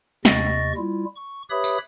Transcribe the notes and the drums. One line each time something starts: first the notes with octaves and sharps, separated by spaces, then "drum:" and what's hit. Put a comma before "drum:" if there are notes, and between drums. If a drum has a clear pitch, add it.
D#2 C3 D#5 C#6 A6 A#6, drum: snare
G3 E4 F4
C#6
G4 B4 C#5 E5 B5 D#6
drum: tambourine